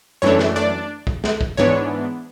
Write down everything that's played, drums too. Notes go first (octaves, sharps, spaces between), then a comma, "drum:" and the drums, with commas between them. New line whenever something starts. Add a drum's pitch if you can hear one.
F#2 E3 A3 D4 C#5
drum: snare
D4 D5
drum: kick
drum: snare
drum: kick
G#2 E3 B3 D4 C#5